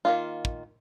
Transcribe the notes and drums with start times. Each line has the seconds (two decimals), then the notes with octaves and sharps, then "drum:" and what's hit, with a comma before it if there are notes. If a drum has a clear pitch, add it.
0.05 D#3 A#3 F4
0.45 drum: kick